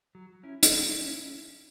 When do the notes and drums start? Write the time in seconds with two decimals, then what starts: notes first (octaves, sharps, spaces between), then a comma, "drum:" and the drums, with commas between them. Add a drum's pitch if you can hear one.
0.15 F#3
0.43 C#4 E4
0.63 drum: hi-hat
0.72 F#3
1.00 C#4 E4